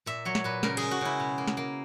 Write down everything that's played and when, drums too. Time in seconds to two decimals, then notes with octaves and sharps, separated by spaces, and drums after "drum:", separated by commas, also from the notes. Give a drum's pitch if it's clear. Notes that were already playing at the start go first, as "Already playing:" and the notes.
0.06 A#2 E5
0.25 F#3 C#5
0.35 drum: snare
0.44 A#2 B4
0.63 C#3 A#4, drum: snare
0.77 G#3 G#4, drum: cymbal
0.91 F#4
1.01 C#3 E4
1.20 B2
1.38 A#3
1.48 drum: snare
1.57 A#3